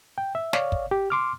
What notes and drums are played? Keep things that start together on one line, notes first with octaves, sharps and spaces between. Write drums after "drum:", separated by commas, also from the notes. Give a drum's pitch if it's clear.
G5
E5
C#5 D5 F5, drum: snare
drum: kick
G4
C6 D6 F6